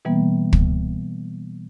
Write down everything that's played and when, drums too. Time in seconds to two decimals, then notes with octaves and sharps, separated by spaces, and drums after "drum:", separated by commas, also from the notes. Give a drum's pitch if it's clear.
0.05 B2 E3 G3 A#3 B3
0.53 drum: kick